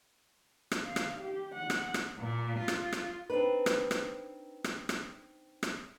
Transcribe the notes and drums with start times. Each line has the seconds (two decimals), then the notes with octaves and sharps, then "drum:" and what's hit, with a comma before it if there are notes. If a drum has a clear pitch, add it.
0.71 drum: rim click
0.85 F5
0.96 drum: rim click
1.21 G4
1.54 F#5
1.70 drum: rim click
1.94 drum: rim click
2.19 A#2
2.59 F4
2.68 drum: rim click
2.93 drum: rim click
3.30 C4 D4 D#4 B4
3.66 drum: rim click
3.91 drum: rim click
4.64 drum: rim click
4.89 drum: rim click
5.63 drum: rim click